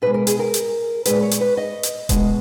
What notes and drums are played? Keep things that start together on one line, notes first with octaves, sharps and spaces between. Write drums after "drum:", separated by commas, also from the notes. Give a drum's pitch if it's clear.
B2 G#3 B4
A#4
G#4, drum: hi-hat
A#4
drum: hi-hat
A#2 G#3 B4, drum: hi-hat
C#5
drum: hi-hat
B4
D#5
drum: hi-hat
B2 G#3, drum: kick D#1, hi-hat